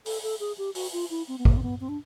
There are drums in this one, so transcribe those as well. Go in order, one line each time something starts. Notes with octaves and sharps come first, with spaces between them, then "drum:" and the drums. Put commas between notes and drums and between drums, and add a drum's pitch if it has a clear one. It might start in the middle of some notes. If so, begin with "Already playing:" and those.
A4, drum: open hi-hat
A4
G#4
G4
F#4, drum: open hi-hat
F4
E4
C4
B3
A#3, drum: kick G#1
C4
B3
C4
D4